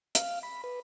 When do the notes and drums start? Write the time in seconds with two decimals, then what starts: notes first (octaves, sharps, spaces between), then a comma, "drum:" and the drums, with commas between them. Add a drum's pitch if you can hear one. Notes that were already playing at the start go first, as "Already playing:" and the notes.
0.15 F5, drum: hi-hat
0.43 B5
0.64 B4